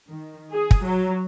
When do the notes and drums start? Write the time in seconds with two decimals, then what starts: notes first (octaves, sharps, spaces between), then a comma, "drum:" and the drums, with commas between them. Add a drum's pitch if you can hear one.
0.10 D#3
0.52 G#4
0.71 drum: kick
0.85 F#3